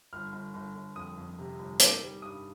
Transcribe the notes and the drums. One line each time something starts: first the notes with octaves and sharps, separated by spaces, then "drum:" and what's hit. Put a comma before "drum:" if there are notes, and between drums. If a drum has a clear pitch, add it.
G1 F6
G1
G1
G1
F2 D#6
F2
C3
G1
D#3 D6, drum: hi-hat
G3
G2 D#6